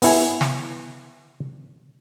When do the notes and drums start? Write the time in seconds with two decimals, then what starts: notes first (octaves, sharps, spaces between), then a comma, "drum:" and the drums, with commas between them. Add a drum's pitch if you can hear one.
0.02 B3 E4 G#5, drum: open hi-hat
0.41 drum: snare